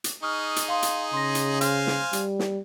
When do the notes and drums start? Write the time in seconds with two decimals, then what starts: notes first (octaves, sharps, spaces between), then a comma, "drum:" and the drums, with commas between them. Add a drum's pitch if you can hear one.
0.04 drum: hi-hat
0.23 D#4 G#4 C#6 D#6 F6
0.56 drum: hi-hat
0.68 F5 C6
0.83 drum: hi-hat
1.13 C#3 C6 A#6
1.35 drum: hi-hat
1.61 C5 F5 G#5, drum: hi-hat
1.87 drum: snare
2.13 G3, drum: hi-hat
2.39 drum: snare